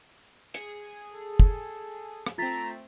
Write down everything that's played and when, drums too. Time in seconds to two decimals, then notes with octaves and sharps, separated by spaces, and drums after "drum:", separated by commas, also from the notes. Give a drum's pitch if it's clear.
0.54 G#4 C#7, drum: hi-hat
1.13 A4
1.40 drum: kick
2.26 drum: rim click
2.38 A3 C4 F4 A#5 A6 B6